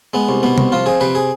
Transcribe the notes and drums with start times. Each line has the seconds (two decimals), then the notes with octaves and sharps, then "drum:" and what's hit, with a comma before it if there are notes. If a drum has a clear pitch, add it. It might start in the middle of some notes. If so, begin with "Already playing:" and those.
0.13 G#3 B3
0.29 C2
0.43 B2 B3
0.58 C2, drum: tom C3
0.72 F3 F4
0.86 F2 G#4
1.00 C3 B4
1.15 G#4